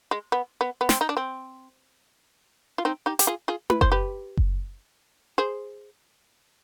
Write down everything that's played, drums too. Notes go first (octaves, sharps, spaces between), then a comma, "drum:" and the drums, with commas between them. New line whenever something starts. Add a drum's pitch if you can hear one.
G#3
B3
B3
B3
C4, drum: snare
D#4
D4
C4
F4
C4 D#4
D#4 G4
G4, drum: hi-hat
F4 G#4
F4 G#4
B4, drum: tom E4
C5, drum: kick F#1
G4 B4
drum: kick F#1
G#4 C5